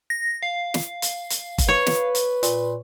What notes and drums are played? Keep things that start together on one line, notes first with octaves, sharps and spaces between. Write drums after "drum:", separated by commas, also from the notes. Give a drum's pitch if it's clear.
A#6
F5
drum: snare
drum: hi-hat
drum: hi-hat
drum: kick G1, hi-hat
B4 C#5
drum: snare
drum: hi-hat
A#2, drum: hi-hat